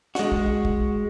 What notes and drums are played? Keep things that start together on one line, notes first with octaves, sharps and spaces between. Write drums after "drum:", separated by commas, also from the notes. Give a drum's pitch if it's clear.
G#3 F#4, drum: snare
drum: kick
drum: kick